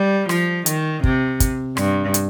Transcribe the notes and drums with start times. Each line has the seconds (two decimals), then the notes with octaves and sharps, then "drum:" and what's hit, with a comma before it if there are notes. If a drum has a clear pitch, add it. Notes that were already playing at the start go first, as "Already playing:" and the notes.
Already playing: G3
0.29 F3, drum: rim click
0.66 D#3, drum: hi-hat
1.04 C3, drum: kick
1.40 drum: kick, hi-hat
1.77 G2, drum: rim click
2.14 drum: hi-hat